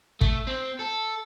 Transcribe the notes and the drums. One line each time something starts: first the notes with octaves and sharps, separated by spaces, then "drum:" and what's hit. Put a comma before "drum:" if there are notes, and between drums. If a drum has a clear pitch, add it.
A3, drum: kick
C4
A4